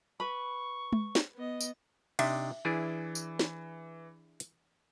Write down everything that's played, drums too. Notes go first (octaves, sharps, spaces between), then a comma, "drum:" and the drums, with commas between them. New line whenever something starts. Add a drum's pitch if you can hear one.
B4 B5 C#6
drum: tom G#3
drum: snare
B3 D#5
drum: tambourine
C3 D4 D#4 E5, drum: cymbal
E3 D4 E4 G#4 A6 D7
drum: tambourine
drum: snare
drum: hi-hat